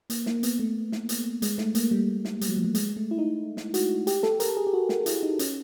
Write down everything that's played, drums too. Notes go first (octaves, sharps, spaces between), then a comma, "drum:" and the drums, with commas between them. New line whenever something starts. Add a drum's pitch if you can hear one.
A#3, drum: hi-hat
A#3, drum: snare
B3, drum: hi-hat
A3
drum: snare
drum: hi-hat
G#3, drum: hi-hat
A3, drum: snare
A#3, drum: hi-hat
G3
drum: snare
G3, drum: hi-hat
F#3
F3
F#3
G#3, drum: hi-hat
A3
E4
D#4
drum: snare
F#4, drum: hi-hat
G4, drum: hi-hat
A4, drum: snare
A#4, drum: hi-hat
G#4
G4
F#4
F#4, drum: snare
E4, drum: hi-hat
D#4
C#4, drum: hi-hat